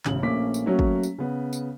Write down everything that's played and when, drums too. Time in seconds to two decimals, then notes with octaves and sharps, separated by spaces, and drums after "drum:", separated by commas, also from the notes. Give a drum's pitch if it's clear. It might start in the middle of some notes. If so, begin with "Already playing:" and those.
0.05 E1 A1 C#3 F#7, drum: clap
0.22 A#1 A3 A#3 C#4 D6 B6
0.54 drum: tambourine
0.66 F#3 A3 A#3 C#4
0.79 drum: kick
1.03 drum: tambourine
1.18 C#3 B3
1.53 drum: tambourine